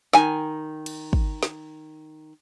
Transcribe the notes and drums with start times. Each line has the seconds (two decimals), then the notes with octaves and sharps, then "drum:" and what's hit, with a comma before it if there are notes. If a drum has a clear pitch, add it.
0.13 D#3 G#5, drum: snare
0.86 drum: cymbal
1.13 drum: kick
1.43 drum: snare